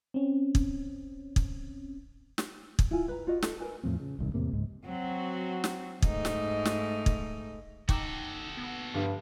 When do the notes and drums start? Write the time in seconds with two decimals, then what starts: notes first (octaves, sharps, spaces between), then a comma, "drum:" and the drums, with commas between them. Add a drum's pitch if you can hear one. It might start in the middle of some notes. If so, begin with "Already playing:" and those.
0.14 C4 C#4
0.55 drum: kick
1.36 drum: kick
2.38 drum: snare
2.79 drum: kick
2.91 E4 F4 G#5
3.08 B4 A#5
3.27 F4 F#4 D#5
3.42 A4, drum: snare
3.60 A#4 B4 G#5
3.83 E2 A2 F3 C4
3.99 C#3
4.19 D1 C2 D#3
4.34 E2 A2 C3 A#3
4.53 C#2 G#2
4.85 F#3 C4 F#4
5.64 drum: snare
6.02 G#2 A3 D#4, drum: kick
6.25 drum: snare
6.65 drum: snare
7.06 drum: kick
7.89 D#4 F#4 A4 G5 D6, drum: kick
8.57 B3
8.94 G2 D3 F3 G3